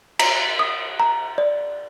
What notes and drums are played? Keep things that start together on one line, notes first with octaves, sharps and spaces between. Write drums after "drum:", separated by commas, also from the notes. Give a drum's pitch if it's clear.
A#5, drum: cymbal
D#6
A#5
D5